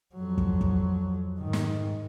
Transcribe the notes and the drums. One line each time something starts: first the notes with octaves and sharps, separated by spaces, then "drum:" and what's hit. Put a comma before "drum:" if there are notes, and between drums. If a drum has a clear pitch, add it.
F2 F#3
drum: kick
drum: kick
G#2 D#3
drum: snare